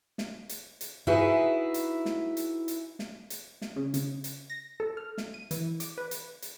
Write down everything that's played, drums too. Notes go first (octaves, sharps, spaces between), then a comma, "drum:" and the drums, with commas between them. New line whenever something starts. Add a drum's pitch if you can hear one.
drum: snare
drum: hi-hat
drum: hi-hat
D#4 E4 F#4 G#4 B4 E5
drum: hi-hat
drum: snare
drum: hi-hat
drum: hi-hat
drum: snare
drum: hi-hat
drum: snare
C#3
C#3, drum: hi-hat
drum: hi-hat
A#6
A4
F6
drum: snare
D#7
E3, drum: hi-hat
D6, drum: hi-hat
B4
drum: hi-hat
drum: hi-hat